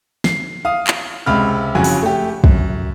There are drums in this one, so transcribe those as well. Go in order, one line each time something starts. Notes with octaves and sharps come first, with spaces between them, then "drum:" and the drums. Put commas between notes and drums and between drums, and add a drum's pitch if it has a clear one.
C7, drum: snare
F5 D#6
drum: clap
C#2 C3 B5 F6
F#1 F2 C#3 F#4 G#5
drum: open hi-hat
A3 G4
F#2, drum: kick